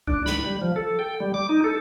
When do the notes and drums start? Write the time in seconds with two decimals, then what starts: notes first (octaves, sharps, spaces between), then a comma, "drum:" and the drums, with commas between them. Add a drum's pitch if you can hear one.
0.07 D4, drum: kick C#2
0.26 B5, drum: snare
0.45 G3
0.61 F3
0.76 A4
0.99 G5
1.20 G3
1.34 D6
1.49 D#4
1.64 A4